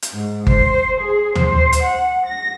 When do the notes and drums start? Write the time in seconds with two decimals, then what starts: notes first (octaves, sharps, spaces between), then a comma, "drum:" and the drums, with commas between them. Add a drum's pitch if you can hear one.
0.02 drum: hi-hat
0.13 G#2
0.47 C5, drum: kick G1
1.00 G#4
1.35 C5, drum: tom
1.72 drum: hi-hat
1.82 F#5
2.26 A#6